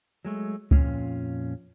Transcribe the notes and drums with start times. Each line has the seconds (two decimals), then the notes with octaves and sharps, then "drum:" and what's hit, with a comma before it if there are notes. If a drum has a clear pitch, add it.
0.25 F#3 G#3 A3
0.71 F2 A#2 C#4 F4, drum: kick C#2